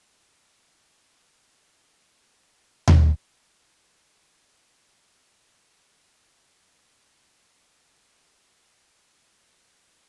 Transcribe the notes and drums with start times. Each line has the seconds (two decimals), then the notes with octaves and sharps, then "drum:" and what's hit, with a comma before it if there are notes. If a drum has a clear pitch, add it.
0.12 D2
0.66 C#2 B3 E4 A6
1.40 G1 A#4 C5 C#5 E5 A#5 C6
2.88 drum: tom D#2
3.66 E5 A5 C6 D6 E6 A6
5.88 G#5 E6 G#6 A#6
9.15 C#2 A2